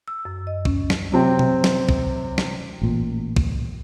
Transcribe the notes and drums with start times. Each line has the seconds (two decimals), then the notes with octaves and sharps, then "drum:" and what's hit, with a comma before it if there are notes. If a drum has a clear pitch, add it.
0.08 E6
0.25 F#2
0.47 D#5
0.65 C#4, drum: kick
0.90 drum: snare
1.12 F#2 C3 C4
1.39 drum: tom B2
1.64 drum: snare
1.89 drum: kick
2.38 drum: snare
2.82 A1 A#2
3.37 drum: kick